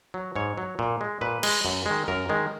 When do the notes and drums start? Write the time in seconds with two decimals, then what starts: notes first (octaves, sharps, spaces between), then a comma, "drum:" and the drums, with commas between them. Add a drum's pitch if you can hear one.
0.14 F#3
0.36 G#2 C#5
0.58 F#3
0.79 A#2
1.01 G#3
1.21 A#2 B4
1.43 G#3, drum: cymbal
1.65 F#2
1.86 D#3 G#3
2.08 F#2 A#4
2.29 D#3 G#3